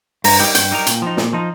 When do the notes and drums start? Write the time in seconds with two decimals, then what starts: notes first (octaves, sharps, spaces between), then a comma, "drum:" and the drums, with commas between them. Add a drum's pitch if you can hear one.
0.24 G2 A#5, drum: open hi-hat
0.39 G3 D#4 G4 A#4 G5
0.55 G2 G5, drum: hi-hat
0.71 G3 D#4 G4 A#4
0.86 A#2, drum: hi-hat
1.02 F3 D#4
1.17 A#2, drum: snare
1.33 F3 D#4